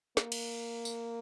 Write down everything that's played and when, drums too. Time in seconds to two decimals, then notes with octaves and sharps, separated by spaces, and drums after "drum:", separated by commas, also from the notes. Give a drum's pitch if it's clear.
0.17 A#3, drum: snare
0.32 drum: cymbal
0.85 drum: tambourine